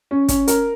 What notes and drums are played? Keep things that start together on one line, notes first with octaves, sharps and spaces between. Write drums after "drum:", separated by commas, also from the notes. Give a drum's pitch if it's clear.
C#4
C#4, drum: kick, hi-hat
A#4, drum: hi-hat